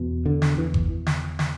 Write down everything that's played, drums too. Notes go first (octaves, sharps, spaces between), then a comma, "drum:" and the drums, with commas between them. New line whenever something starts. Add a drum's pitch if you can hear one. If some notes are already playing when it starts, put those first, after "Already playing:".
Already playing: E2 B2
D3
drum: snare
E3
drum: kick G1
drum: snare
drum: snare